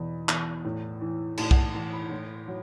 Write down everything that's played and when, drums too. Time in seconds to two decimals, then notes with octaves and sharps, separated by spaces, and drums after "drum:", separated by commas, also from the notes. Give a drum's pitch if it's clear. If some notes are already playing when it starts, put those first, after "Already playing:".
Already playing: E2 B2 B5
0.29 E2, drum: clap
0.65 A2
1.01 E3
1.38 A2 A5, drum: cymbal
1.51 F#5, drum: kick B1
1.57 A5
1.74 E3 A5
1.93 B5
2.11 A2
2.48 F#3